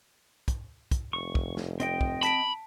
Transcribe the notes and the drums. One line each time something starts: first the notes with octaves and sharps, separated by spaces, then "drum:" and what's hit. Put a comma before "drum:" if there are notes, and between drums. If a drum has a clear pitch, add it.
drum: kick, hi-hat
drum: kick, hi-hat
F1 C#6
drum: kick
drum: snare
C4 D#5 G5, drum: hi-hat
drum: kick
A5 B5 B6 D7, drum: hi-hat